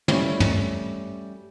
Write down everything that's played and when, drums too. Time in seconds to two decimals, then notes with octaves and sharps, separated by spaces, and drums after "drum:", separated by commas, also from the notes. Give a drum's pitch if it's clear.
0.08 G3 A3 C#4 E4, drum: tom
0.40 drum: tom